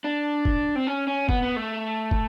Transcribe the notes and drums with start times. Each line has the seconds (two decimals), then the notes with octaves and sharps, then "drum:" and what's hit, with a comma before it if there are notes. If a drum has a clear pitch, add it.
0.04 D4
0.45 drum: kick
0.76 C4
0.87 C#4
1.07 C#4
1.29 B3, drum: kick
1.42 B3
1.56 A3
2.11 drum: kick